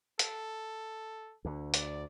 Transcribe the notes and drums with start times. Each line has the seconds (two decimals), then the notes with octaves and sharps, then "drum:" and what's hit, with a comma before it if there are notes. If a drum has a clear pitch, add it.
0.19 A4, drum: hi-hat
1.45 D2 D3
1.74 D5, drum: hi-hat